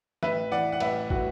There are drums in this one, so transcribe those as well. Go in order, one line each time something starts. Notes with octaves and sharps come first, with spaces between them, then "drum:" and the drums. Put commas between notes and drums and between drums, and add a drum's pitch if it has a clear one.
A1 B4 E5, drum: snare
E3 D5 F#5
F#5
A1 B4 E5, drum: cymbal
A2 F#4 B4, drum: kick